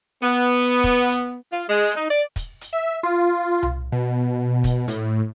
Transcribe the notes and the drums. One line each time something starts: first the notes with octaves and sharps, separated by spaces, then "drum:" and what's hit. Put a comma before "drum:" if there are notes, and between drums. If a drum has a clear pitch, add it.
B3
drum: kick, hi-hat
drum: hi-hat
F4
G#3
drum: hi-hat
D#4
D5
drum: kick, hi-hat
drum: hi-hat
E5
F4
drum: tom C2
B2
drum: kick, hi-hat
A2, drum: hi-hat